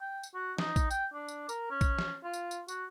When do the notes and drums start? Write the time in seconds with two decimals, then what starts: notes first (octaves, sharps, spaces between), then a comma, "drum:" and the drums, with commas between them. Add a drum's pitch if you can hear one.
0.02 G5
0.23 drum: tambourine
0.35 F#4
0.58 D#4, drum: snare
0.76 drum: kick, tambourine
0.91 G5, drum: tambourine
1.14 D4
1.28 drum: tambourine
1.49 A#4, drum: tambourine
1.71 C#4
1.81 drum: kick, tambourine
1.99 drum: snare
2.24 F4
2.34 drum: tambourine
2.51 drum: tambourine
2.68 F#4, drum: tambourine